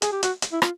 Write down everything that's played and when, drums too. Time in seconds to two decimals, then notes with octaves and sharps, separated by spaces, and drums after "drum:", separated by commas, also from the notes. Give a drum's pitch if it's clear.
0.02 G#4, drum: hi-hat
0.12 G4
0.23 F#4, drum: hi-hat
0.42 drum: hi-hat
0.52 E4
0.62 F4, drum: rim click